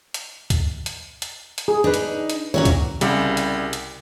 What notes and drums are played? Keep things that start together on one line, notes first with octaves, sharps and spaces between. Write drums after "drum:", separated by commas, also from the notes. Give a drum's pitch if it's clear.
drum: hi-hat
drum: kick C#2, hi-hat
drum: hi-hat
drum: hi-hat
drum: hi-hat
G#4
D4 D#4 B4
drum: hi-hat
drum: hi-hat
A#2 D3 E3 C#4 F#4 C#5
drum: kick C#2, hi-hat
C2 C#3 G3, drum: hi-hat
drum: hi-hat
drum: hi-hat